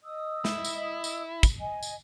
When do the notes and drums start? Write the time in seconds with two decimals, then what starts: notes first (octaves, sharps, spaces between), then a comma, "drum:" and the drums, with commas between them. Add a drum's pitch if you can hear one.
0.03 D#5 D#6 E6
0.45 E4, drum: snare
0.64 drum: tambourine
1.04 drum: tambourine
1.43 drum: kick, tambourine
1.61 D#5 G#5
1.83 drum: tambourine